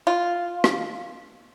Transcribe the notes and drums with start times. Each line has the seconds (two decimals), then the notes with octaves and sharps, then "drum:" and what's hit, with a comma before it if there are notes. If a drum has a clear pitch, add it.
0.07 F4
0.64 drum: rim click